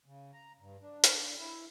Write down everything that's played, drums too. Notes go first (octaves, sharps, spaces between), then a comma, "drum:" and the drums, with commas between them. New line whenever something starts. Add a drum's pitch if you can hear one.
C#3
A#5
G2
D4
drum: hi-hat
E4